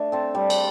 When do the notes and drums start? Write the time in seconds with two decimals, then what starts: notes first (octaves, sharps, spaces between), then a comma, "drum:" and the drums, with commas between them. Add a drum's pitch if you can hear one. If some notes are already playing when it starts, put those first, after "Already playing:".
Already playing: A3 D4
0.12 C4 A4
0.35 G3
0.50 drum: cymbal